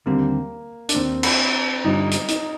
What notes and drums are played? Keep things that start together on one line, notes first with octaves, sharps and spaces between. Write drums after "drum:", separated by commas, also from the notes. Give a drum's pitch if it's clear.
D#2 D3 G3 A#3 C4
D4, drum: hi-hat
D#2 D#3 A#3 C4
drum: cymbal
G2 D3 G3 D4 D#4 F4
drum: hi-hat
D#4, drum: hi-hat